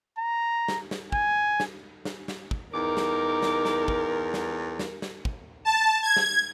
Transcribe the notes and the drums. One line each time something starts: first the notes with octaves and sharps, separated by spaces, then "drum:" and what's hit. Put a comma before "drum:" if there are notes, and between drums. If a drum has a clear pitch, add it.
A#5
drum: snare
drum: snare
G#5, drum: kick
drum: snare
drum: snare
drum: snare
drum: kick
E2 D#4 A#4 D6
drum: snare
drum: snare
drum: snare
drum: kick
drum: snare
drum: snare
drum: snare
drum: kick
A5
G#6
drum: snare